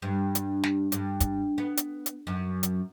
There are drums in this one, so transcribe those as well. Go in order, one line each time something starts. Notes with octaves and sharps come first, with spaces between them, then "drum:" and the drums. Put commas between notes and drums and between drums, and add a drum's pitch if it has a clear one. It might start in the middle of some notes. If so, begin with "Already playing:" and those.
G2
drum: hi-hat
drum: snare
G2, drum: hi-hat
drum: kick, hi-hat
B3
drum: hi-hat
drum: hi-hat
F#2
drum: hi-hat